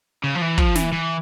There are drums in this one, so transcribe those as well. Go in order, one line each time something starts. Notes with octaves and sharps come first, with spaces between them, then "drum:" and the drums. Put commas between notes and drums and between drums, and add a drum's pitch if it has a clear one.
C#3
F3
E3
F3, drum: kick
E3, drum: snare
E3